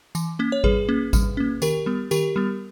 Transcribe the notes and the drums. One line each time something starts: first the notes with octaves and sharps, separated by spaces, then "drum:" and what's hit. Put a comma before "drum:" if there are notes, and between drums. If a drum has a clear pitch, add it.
E3, drum: tambourine
A#3 C#4
C#5
G3 G#4 B4, drum: kick G#1
A#3 C#4
G3, drum: kick G#1, tambourine
A#3 C#4
D#3 G4 A#4, drum: tambourine
G3 B3
D#3 G4 A#4, drum: tambourine
G3 B3